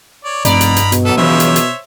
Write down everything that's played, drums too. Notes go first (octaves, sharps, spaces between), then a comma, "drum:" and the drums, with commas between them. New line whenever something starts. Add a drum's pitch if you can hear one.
C#5 D5
F1 G2 B2 D5 A#5 B5, drum: hi-hat
drum: hi-hat
drum: hi-hat
B2, drum: hi-hat
F#3 B3 A4
F#2 C#3 E3 F3 C5 C#5 E5
drum: hi-hat
drum: hi-hat